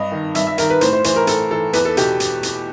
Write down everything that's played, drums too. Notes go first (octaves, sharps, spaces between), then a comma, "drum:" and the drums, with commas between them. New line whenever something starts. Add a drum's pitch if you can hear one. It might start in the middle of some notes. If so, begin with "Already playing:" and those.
Already playing: G2 D#5
D#3
G2 E5, drum: hi-hat
E5
D#3 A#4, drum: hi-hat
B4
A2 C5, drum: hi-hat
C5
E3 C5, drum: hi-hat
A#4
A2 A4, drum: hi-hat
E3 A4
E2 B4, drum: hi-hat
A4
B2 G4, drum: hi-hat
drum: hi-hat
drum: hi-hat